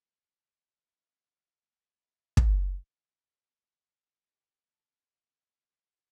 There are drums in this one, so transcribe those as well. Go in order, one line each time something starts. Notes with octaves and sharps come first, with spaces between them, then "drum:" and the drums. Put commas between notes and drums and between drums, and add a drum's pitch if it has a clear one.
G4
E4
F4
E4
drum: kick
F4
E4
G4
A4
F5
G5